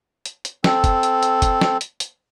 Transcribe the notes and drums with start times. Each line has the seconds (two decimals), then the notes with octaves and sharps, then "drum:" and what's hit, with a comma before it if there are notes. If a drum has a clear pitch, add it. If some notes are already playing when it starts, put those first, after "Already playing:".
0.25 drum: hi-hat
0.45 drum: hi-hat
0.64 C4 A4, drum: snare
0.84 drum: kick, hi-hat
1.03 drum: hi-hat
1.23 drum: hi-hat
1.42 drum: kick, hi-hat
1.61 drum: snare
1.81 drum: hi-hat
2.00 drum: hi-hat